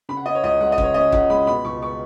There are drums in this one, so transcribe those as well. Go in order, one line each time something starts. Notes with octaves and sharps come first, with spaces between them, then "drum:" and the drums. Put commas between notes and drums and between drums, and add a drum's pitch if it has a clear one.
C#3 B5
F#5
C#4 D#5
C#5
C#2 D#5
G#3 F#5
D#5
C#3, drum: kick
C#5
C#4 D#5
C#2 F#5, drum: kick
G#3 B5
B2 B5
C#2 C#6
C#6